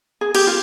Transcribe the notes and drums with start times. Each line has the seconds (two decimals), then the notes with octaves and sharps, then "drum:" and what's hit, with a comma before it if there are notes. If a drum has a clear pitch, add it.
0.21 G#4
0.35 G4, drum: cymbal
0.47 F4